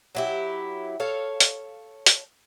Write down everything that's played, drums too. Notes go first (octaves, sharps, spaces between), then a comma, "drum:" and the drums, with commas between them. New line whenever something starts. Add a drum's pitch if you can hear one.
F#3 E4 G4
A4 C#5 F5
drum: hi-hat
drum: hi-hat